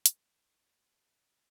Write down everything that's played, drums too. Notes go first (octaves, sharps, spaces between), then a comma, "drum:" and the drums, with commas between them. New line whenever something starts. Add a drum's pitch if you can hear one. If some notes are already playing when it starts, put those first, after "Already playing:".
G#2 A3 C6 G6, drum: hi-hat
A4 F#5 D6
E2 F#4